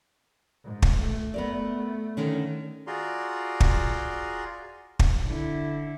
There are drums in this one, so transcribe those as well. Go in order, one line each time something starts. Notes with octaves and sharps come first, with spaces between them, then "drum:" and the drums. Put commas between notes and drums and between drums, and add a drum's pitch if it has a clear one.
G#2
drum: kick
A3
B3 A#4 D5
D3 D#3 C#4
F4 F#4 G#4 D5 A#5 C6
drum: kick
drum: kick
D3 E4